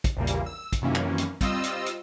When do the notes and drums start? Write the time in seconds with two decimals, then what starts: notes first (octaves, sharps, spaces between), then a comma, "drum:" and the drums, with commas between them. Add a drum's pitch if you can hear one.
0.04 drum: kick, hi-hat
0.16 A#1 E2 A#2 C#3 G3 A#3
0.27 drum: hi-hat
0.46 E6
0.73 drum: kick, hi-hat
0.82 F#2 C3 D#3 E3 A#3 C#4
0.95 drum: clap
1.18 drum: hi-hat
1.41 G3 C4 F4 D#5 E6, drum: kick, hi-hat
1.64 drum: hi-hat
1.86 drum: hi-hat